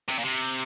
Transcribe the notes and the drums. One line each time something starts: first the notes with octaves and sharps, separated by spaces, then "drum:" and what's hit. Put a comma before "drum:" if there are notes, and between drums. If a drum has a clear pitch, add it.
C3, drum: hi-hat
A#2
C3, drum: cymbal